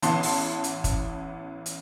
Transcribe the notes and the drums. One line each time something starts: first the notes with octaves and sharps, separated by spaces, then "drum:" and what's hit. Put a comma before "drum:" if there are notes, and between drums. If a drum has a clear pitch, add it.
A1 E3 B3 A5 C6, drum: hi-hat
drum: open hi-hat
drum: hi-hat
drum: kick, hi-hat
drum: hi-hat